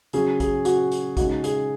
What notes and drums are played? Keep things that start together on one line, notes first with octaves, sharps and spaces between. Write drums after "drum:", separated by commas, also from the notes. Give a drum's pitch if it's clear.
C#3 F#3 C#4 G#4, drum: hi-hat
G#4, drum: kick, hi-hat
F#4, drum: hi-hat
drum: hi-hat
C#3 G#3 D#4 F#4, drum: kick, hi-hat
G#4, drum: hi-hat